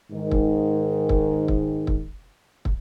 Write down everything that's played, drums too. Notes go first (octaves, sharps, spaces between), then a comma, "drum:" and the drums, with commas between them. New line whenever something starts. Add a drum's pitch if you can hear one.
G#2 D#3
drum: kick
drum: kick
drum: kick
drum: kick
drum: kick